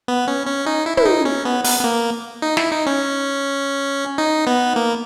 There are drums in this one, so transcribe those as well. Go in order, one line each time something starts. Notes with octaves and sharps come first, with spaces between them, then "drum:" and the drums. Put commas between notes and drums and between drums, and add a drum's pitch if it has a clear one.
B3
C#4
C#4
D#4
E4
E4, drum: tom
D#4
C#4
B3
B3, drum: open hi-hat
B3
A#3
D#4
E4, drum: snare
D#4
C#4
D#4
B3
A#3